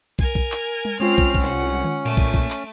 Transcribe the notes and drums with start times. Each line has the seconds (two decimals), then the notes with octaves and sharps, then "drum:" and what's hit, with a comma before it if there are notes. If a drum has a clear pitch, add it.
0.19 A#4 G#5, drum: kick
0.35 drum: kick
0.52 drum: clap
0.85 drum: tom G3
1.00 G#3 C4 C#4 F4 F6
1.18 drum: kick
1.35 drum: kick
1.44 C2 F#5
1.84 drum: tom D3
2.05 A#2 A3 D7 D#7
2.17 drum: kick
2.34 drum: kick
2.50 drum: clap